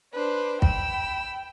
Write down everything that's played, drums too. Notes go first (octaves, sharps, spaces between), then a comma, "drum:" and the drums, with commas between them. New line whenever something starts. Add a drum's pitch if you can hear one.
D4 B4 C5
G5 B5 E6, drum: kick